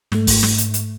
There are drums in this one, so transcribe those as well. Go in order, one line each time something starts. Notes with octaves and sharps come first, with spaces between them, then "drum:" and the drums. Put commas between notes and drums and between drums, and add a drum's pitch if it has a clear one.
G#2 A3, drum: snare
drum: kick, open hi-hat
drum: snare
drum: hi-hat
drum: hi-hat